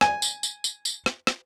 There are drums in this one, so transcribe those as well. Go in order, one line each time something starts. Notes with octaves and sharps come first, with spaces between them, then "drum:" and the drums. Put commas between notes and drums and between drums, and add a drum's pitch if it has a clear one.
G#5, drum: rim click
drum: tambourine
drum: tambourine
drum: tambourine
drum: tambourine
drum: rim click
drum: rim click